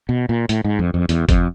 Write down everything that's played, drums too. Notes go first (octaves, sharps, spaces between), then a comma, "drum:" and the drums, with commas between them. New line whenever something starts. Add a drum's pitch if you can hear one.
B2
A#2
A2, drum: hi-hat
G#2
F2
F2
E2, drum: hi-hat
F2, drum: kick, hi-hat